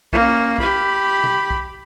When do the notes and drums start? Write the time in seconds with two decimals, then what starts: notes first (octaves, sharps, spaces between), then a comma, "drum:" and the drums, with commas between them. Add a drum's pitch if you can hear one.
0.13 A#3 C#4, drum: kick B1
0.58 G4 B5, drum: kick B1
1.24 drum: tom
1.50 drum: kick B1